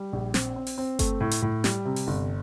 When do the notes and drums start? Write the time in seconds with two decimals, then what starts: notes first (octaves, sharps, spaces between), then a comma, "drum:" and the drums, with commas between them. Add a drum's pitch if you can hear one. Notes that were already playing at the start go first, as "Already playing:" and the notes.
Already playing: G3
0.13 A#1
0.34 C4, drum: snare
0.56 C4
0.67 drum: open hi-hat
0.78 C4
0.99 A3, drum: kick G1, hi-hat
1.20 A2
1.31 drum: hi-hat
1.42 A2
1.64 G3, drum: snare
1.85 C3
1.96 drum: open hi-hat
2.07 G1